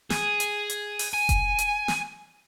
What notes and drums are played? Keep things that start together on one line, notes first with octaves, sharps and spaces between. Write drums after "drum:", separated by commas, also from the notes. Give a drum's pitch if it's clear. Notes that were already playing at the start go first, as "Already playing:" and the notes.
G#4, drum: snare
drum: hi-hat
drum: hi-hat
drum: open hi-hat
G#5
drum: kick F1, hi-hat
drum: hi-hat
drum: snare